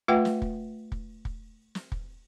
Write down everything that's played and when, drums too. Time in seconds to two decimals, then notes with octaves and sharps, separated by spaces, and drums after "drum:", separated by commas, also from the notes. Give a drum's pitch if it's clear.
0.08 A3 F4 B4 E5 F#5 G5
0.25 drum: snare
0.42 drum: kick
0.92 drum: kick
1.25 drum: kick
1.75 drum: snare
1.92 drum: kick